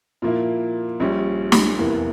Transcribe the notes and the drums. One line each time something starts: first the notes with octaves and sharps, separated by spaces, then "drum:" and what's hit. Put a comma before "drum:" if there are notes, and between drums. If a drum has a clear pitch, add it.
A#2 F3 A#3 E4
A#1 A#2 G3 C#4
drum: snare
F1 E2 E3 A#3